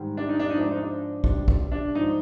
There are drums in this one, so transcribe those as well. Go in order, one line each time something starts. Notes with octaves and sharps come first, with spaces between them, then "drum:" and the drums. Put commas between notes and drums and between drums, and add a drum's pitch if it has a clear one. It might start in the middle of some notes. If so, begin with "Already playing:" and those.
Already playing: G#2 D#3 G3
D4
D#4
D4
G#2 F3 D#4
D4
D#4
D4
B2 G3 D4, drum: kick
drum: kick
D4
G#2 F3 D#4